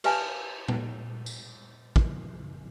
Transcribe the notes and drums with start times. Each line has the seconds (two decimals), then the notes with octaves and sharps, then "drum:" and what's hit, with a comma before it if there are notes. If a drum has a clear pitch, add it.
0.04 G4 B4 E5 F5 G#5 A5, drum: cymbal
0.68 drum: tom A#2
1.26 drum: tambourine
1.96 drum: kick